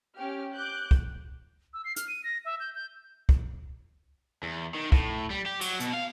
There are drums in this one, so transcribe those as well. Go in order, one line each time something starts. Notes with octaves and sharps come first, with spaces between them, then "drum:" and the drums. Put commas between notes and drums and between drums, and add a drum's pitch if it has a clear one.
C#4 G4 F6
D6 F#6 G6
drum: kick
E6
C7
F6, drum: hi-hat
D#7
A#6
E5
G6
G6
drum: kick
E2
D#3
A2, drum: kick
G3
G4
F#3, drum: cymbal
B2, drum: hi-hat
F5